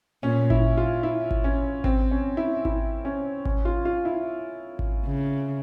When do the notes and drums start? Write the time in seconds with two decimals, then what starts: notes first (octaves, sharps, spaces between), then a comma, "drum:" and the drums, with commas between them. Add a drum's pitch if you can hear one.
0.23 A#2 C#4
0.50 E4, drum: kick G#1
0.77 F4
1.03 E4
1.31 drum: kick G#1
1.44 C#4
1.84 C4, drum: kick G#1
2.11 C#4
2.37 E4
2.65 E4, drum: kick G#1
3.05 C#4
3.45 C#4, drum: kick G#1
3.65 F4
3.85 F4
4.05 E4
4.79 drum: kick G#1
5.06 C#3